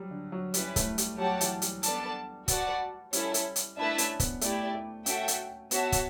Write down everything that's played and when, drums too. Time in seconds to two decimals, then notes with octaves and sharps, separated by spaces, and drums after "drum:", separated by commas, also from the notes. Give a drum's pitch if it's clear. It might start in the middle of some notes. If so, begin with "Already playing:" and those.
Already playing: F#3 G3
0.11 D3
0.32 F#3
0.54 G3 C#4 E4 B4, drum: hi-hat
0.76 A3, drum: kick, hi-hat
0.98 G3, drum: hi-hat
1.18 F#3 G4 C#5 F#5 A5
1.41 E3, drum: hi-hat
1.62 G3, drum: hi-hat
1.83 B3 D4 A4 D5 A5, drum: hi-hat
2.48 F#4 B4 D5 F#5 A5, drum: kick, hi-hat
3.13 G3 C#4 E4 A4, drum: hi-hat
3.34 drum: hi-hat
3.56 drum: hi-hat
3.77 A3 D4 E4 B4 E5 A5
3.98 C#4, drum: hi-hat
4.20 B3, drum: kick, hi-hat
4.41 A3 E4 G4 D5, drum: hi-hat
4.74 A3
5.06 C#4 F#4 A4 E5 G5, drum: hi-hat
5.28 drum: hi-hat
5.71 B3 F#4 C#5 E5 A5, drum: hi-hat
5.92 drum: kick, hi-hat